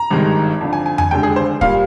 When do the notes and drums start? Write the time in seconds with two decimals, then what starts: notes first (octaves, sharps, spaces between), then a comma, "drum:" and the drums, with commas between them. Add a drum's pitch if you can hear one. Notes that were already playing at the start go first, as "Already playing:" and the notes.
Already playing: A#5
0.10 G#1 G2 D#3 G#3
0.61 F2 D3 F3
0.73 G#5
0.86 G#5
0.98 G#5, drum: tom F2
1.11 F1 D#2 D3 G#3 G5
1.23 G#4
1.36 C5
1.61 A#2 G3 A#3 F5, drum: kick